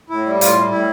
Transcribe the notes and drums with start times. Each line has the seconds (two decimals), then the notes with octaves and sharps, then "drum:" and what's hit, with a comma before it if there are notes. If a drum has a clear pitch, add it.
0.10 A2 E4
0.26 G3
0.41 A2 F4, drum: hi-hat
0.55 G3
0.71 A2 E4